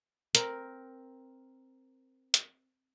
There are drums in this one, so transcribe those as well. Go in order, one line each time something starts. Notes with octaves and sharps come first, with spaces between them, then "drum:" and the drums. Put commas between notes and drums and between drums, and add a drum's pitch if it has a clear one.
C4 A#4, drum: hi-hat
drum: hi-hat